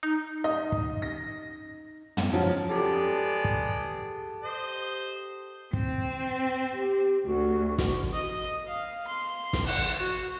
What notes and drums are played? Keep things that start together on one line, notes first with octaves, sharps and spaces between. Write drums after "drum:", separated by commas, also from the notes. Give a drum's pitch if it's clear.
D#4
D#5
drum: kick
A#6
drum: tom
C#3 F3 F#3
G#3 B3 G4 A4 D5
drum: kick
C5 D#5
C4, drum: kick
G4
D2 F#4
drum: snare
D#5
F5
C6
drum: snare
F#5, drum: open hi-hat
F#4